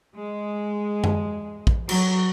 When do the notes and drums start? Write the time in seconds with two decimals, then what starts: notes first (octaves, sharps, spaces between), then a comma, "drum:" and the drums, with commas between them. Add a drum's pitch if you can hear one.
0.16 G#3
1.04 drum: tom F#2
1.67 drum: kick
1.89 F#3, drum: cymbal